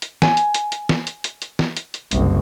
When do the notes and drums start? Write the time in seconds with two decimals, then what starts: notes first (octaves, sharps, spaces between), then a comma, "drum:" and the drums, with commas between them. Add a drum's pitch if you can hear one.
0.02 drum: hi-hat
0.22 G#5, drum: snare
0.37 drum: hi-hat
0.54 drum: hi-hat
0.72 drum: hi-hat
0.89 drum: snare
1.07 drum: hi-hat
1.24 drum: hi-hat
1.42 drum: hi-hat
1.59 drum: snare
1.77 drum: hi-hat
1.94 drum: hi-hat
2.11 F#1 C2, drum: hi-hat